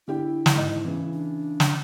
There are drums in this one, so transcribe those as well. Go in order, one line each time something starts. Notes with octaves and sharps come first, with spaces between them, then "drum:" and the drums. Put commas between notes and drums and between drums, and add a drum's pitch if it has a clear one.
D3 E4 G4 G5
drum: snare
G#2 D#5
C#3 E3
D4
drum: snare